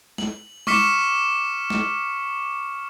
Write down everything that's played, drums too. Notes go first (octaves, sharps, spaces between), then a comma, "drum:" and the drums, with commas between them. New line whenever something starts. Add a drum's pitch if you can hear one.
F#7, drum: snare
C#6 D6 F6 B6 C#7 E7, drum: tom G#3
drum: snare